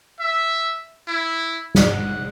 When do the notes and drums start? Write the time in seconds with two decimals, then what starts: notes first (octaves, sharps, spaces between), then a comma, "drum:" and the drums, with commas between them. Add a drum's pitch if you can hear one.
0.20 E5
1.08 E4
1.75 drum: snare
1.89 F#5